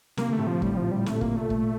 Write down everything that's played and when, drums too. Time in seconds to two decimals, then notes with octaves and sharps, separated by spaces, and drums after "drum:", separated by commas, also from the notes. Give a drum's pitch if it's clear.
0.17 C3 A#3, drum: snare
0.29 D3 A3
0.39 A2 C3
0.47 F3
0.62 A2 G3, drum: kick
0.77 A#2 F3
0.91 G3
0.97 A2
1.06 C3 A3, drum: snare
1.16 A#2
1.21 A#3, drum: kick
1.35 A#2 A3
1.50 drum: kick